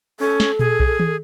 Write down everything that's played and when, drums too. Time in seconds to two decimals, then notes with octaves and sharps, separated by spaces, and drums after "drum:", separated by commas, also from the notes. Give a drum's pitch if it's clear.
0.20 C#4 A4
0.40 drum: snare
0.59 G#4, drum: tom A#2
0.80 drum: kick B1
0.99 drum: tom D#3